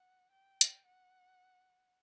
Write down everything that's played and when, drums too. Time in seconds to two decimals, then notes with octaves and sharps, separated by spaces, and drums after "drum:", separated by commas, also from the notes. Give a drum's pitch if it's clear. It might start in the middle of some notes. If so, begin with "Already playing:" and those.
Already playing: F#5
0.32 G5
0.61 drum: hi-hat
0.86 F#5